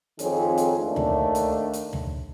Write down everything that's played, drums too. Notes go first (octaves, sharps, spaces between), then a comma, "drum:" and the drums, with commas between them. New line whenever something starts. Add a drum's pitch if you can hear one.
F2 D#3 C4 G#4 C#5, drum: hi-hat
drum: hi-hat
D#2 A3 D4
drum: tom D2
drum: hi-hat
drum: hi-hat
drum: tom D2